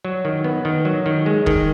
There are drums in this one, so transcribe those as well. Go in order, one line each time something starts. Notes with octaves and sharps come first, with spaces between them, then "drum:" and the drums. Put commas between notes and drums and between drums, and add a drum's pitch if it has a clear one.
F#3
D#3
B3
D#3
F#3
D#3
G#3
D#3, drum: kick